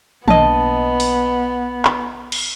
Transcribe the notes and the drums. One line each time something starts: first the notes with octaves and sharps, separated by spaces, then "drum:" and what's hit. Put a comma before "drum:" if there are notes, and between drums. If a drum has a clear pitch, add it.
B1 A#3 B3 D4 D#5 A5, drum: tom
drum: open hi-hat
drum: clap
drum: cymbal